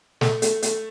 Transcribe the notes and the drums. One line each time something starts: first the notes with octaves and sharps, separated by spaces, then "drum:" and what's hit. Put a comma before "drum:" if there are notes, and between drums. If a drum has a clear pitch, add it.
A3, drum: snare
A3, drum: hi-hat
A3, drum: hi-hat